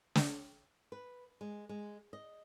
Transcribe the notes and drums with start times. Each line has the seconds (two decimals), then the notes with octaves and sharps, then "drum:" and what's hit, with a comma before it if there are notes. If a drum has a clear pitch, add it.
0.15 drum: snare
0.92 B4
1.41 G#3
1.69 G#3
2.13 D#5